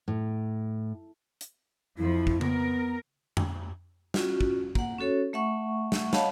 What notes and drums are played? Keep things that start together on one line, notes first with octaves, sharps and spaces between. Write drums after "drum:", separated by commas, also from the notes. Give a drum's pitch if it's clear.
A2
drum: hi-hat
F2 F3 E4
drum: kick
B3 A#4, drum: tom C#3
drum: tom F2
C#4 F4 F#4, drum: snare
drum: kick
A#3 F#5, drum: kick
C#4 F#4 A4 C#5
A3 E5 F#5 C#6
drum: snare
C#5 D#5 F5 F#5 A5 B5, drum: snare